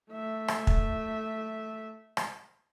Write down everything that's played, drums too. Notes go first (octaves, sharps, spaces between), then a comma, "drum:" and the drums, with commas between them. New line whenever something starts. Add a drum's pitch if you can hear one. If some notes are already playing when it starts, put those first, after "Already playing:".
A3 E5
drum: rim click
drum: kick
drum: rim click